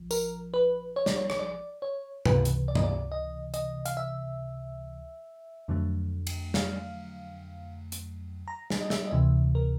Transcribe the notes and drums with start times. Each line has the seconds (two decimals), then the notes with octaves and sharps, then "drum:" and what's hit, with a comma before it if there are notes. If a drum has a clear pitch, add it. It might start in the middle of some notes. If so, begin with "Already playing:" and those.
Already playing: A#1 F3
0.11 A#4, drum: tambourine
0.54 B4
0.96 C#5
1.06 D5, drum: snare
1.16 C#5
1.30 C#5, drum: rim click
1.39 D5
1.82 C#5
2.25 C#2 C3 E3 B4, drum: tom G2
2.45 drum: hi-hat
2.68 D5
2.75 D#5, drum: tom G2
2.83 D5
3.12 D#5
3.54 D#5, drum: hi-hat
3.85 F5, drum: hi-hat
3.97 E5
5.68 F2 D3 F#3 A3
6.27 drum: cymbal
6.54 F5, drum: snare
7.92 drum: hi-hat
8.48 A#5
8.70 drum: snare
8.81 D#5
8.90 E5, drum: snare
9.06 D#5
9.11 D2 C3 E3 G#3 E5
9.55 A#4